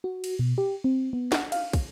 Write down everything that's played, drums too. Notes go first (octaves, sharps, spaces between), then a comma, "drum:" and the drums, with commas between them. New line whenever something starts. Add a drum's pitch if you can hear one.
F#4
drum: cymbal
B2
G4
C4
B3
F#5, drum: snare
F5, drum: cymbal
drum: kick, cymbal